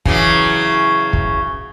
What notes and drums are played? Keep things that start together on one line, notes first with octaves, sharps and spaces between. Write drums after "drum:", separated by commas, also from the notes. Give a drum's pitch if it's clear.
C#3 E3 F#3, drum: kick
drum: kick